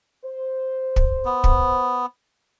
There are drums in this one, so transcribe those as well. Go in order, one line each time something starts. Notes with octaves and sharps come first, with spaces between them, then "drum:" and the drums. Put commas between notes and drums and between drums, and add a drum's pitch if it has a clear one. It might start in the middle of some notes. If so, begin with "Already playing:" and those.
C5
drum: kick
B3
drum: kick